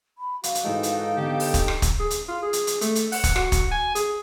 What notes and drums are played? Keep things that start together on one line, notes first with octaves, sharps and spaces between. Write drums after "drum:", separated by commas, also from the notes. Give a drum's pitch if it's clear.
B5
F#4 F5, drum: hi-hat
drum: hi-hat
G#2 E3 G#3 D#4 A4 G5
drum: hi-hat
D3 B3 G4
drum: open hi-hat
drum: kick, hi-hat
drum: rim click
drum: kick, hi-hat
G#4
drum: hi-hat
F4
G#4
drum: hi-hat
drum: hi-hat
A3, drum: hi-hat
drum: hi-hat
F#5, drum: open hi-hat
drum: kick, hi-hat
F#4, drum: rim click
drum: kick, hi-hat
G#5
G#4, drum: hi-hat